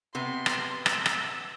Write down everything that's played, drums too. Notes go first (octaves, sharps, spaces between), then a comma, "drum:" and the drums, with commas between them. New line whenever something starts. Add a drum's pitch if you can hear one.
C3 B3 C6
drum: rim click
E6, drum: rim click
drum: rim click